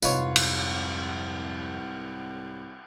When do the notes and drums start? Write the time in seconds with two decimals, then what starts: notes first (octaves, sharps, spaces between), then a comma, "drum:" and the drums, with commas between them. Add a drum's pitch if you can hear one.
0.02 C2 F2 G#2 C3 F4 B4 C#5, drum: tambourine
0.36 drum: cymbal